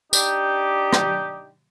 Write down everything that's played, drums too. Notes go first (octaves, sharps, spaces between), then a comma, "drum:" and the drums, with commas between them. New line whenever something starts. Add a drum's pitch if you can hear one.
D4 D#4 G4, drum: tambourine
drum: rim click